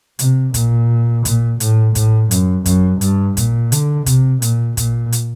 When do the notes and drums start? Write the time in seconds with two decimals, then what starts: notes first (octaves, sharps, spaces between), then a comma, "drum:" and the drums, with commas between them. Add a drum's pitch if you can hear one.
0.19 C3, drum: hi-hat
0.54 A#2, drum: kick, hi-hat
1.25 A#2, drum: kick, hi-hat
1.60 A2, drum: hi-hat
1.95 A2, drum: kick, hi-hat
2.31 F#2, drum: hi-hat
2.66 F#2, drum: kick, hi-hat
3.01 G2, drum: hi-hat
3.37 A#2, drum: kick, hi-hat
3.72 D3, drum: hi-hat
4.06 C3, drum: kick, hi-hat
4.42 A#2, drum: hi-hat
4.77 A#2, drum: kick, hi-hat
5.12 drum: hi-hat